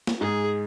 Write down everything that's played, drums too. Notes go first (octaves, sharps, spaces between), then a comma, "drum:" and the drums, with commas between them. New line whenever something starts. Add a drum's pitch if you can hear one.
drum: snare
G#2 G#4